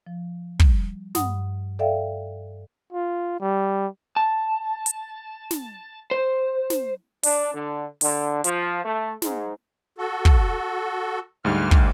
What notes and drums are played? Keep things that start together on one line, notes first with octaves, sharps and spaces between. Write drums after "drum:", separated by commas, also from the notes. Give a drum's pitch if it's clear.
F3
G3, drum: kick
G2 F#5 D#6, drum: snare
A4 D5 E5 F5 G5
F4
G3
A5
drum: hi-hat
drum: snare
C5
drum: snare
D4, drum: open hi-hat
D3
D3, drum: open hi-hat
F3, drum: hi-hat
A3
G#2, drum: snare
F#4 A4
drum: kick
D2 G#2 G3 F6
drum: kick